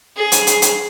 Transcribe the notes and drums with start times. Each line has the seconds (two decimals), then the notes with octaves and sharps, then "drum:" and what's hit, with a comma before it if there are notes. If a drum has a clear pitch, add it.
0.17 G#4
0.32 drum: hi-hat
0.47 drum: hi-hat
0.62 drum: hi-hat